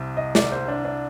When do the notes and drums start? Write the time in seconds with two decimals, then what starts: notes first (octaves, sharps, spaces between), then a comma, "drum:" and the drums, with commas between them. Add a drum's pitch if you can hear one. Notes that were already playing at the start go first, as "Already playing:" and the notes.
Already playing: C2 C3
0.17 D#5
0.35 D5, drum: snare
0.51 C5
0.68 D4
0.85 D4